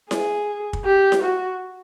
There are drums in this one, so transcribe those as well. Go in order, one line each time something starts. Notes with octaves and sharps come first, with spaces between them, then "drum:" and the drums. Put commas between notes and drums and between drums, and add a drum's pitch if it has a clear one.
G#4, drum: snare E4
drum: kick
G4
drum: snare E4
F#4